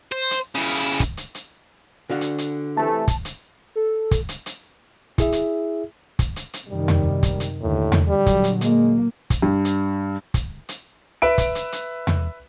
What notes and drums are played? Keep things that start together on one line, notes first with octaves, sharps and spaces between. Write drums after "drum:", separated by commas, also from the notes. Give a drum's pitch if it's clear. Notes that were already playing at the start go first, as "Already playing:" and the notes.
C5
drum: hi-hat
C#3 E4
drum: kick, hi-hat
drum: hi-hat
drum: hi-hat
D3 F#4 F5
drum: hi-hat
drum: hi-hat
C3 E3 A3 A5
drum: kick, hi-hat
drum: hi-hat
A4
drum: kick, hi-hat
drum: hi-hat
drum: hi-hat
E4 G#4 E5, drum: kick, hi-hat
drum: hi-hat
drum: kick, hi-hat
drum: hi-hat
drum: hi-hat
F#2 C3 D#3 G3
drum: tom E2
drum: kick, hi-hat
drum: hi-hat
D#2 A2 D3
drum: tom E2
A#2 D3 F#3 G3
drum: kick, hi-hat
drum: hi-hat
G#3 A#3, drum: hi-hat
drum: kick, hi-hat
G2
drum: hi-hat
drum: kick, hi-hat
drum: hi-hat
B4 E5 D7
drum: kick, hi-hat
drum: hi-hat
drum: hi-hat
drum: tom E2